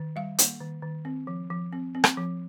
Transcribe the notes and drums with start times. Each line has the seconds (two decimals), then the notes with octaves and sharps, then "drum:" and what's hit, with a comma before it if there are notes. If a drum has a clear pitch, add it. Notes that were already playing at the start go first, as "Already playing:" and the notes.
Already playing: D#3
0.16 G3 F5
0.38 A#3, drum: hi-hat
0.60 D#3
0.82 D#3
1.05 C4
1.27 F3
1.50 F3
1.73 C4
1.95 C4
2.04 drum: rim click
2.17 F3